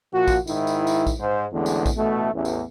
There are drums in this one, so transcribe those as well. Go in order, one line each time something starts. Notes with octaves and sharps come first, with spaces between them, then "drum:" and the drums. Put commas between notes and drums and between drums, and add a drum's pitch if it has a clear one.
A#2 F3 F#4
drum: kick A#1, tambourine
G#2 D#3 E4, drum: tambourine
drum: tambourine
drum: tambourine
drum: kick A#1, tambourine
G#2 C5
A1 E2 A2 D3 G#3
drum: tambourine
drum: kick A#1, tambourine
A1 B2 A3
A1 E2
drum: tambourine